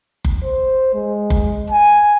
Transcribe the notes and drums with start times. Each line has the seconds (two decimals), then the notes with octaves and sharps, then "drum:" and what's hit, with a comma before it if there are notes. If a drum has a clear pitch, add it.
0.25 drum: kick F#1
0.44 C5
0.94 G#3
1.30 drum: kick F#1
1.70 G#5